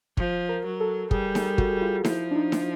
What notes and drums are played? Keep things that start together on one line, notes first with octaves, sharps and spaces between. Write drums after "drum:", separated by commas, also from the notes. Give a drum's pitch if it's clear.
F3, drum: kick
A#4
F#3
A4
G3 G#4, drum: kick
G#4, drum: snare D#4
F#4, drum: kick
F4
F3 E4, drum: snare D#4
D4
D#4
drum: snare D#4